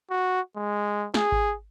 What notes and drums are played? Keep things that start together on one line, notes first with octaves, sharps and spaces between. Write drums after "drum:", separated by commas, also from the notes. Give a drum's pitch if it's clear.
F#4
G#3
G#4, drum: snare
drum: kick G#1